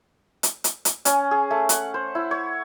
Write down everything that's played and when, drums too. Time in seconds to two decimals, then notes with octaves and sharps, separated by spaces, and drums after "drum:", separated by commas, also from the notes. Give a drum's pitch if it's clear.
0.43 drum: hi-hat
0.64 drum: hi-hat
0.85 drum: hi-hat
1.05 C#4, drum: hi-hat
1.31 G#4
1.51 A3
1.69 F#5, drum: hi-hat
1.94 C5
2.15 E4
2.31 C#5